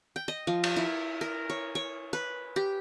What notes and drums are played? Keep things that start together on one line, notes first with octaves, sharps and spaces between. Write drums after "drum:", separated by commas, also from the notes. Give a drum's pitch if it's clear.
G5
D#5
F3
drum: cymbal
E4
A#4
C#5
C#5
B4
G4